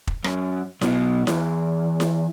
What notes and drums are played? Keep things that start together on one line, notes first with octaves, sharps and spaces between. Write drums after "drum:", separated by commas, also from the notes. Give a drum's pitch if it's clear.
drum: kick
F#2, drum: rim click
B1 B2, drum: snare E4
E2, drum: snare E4
drum: snare E4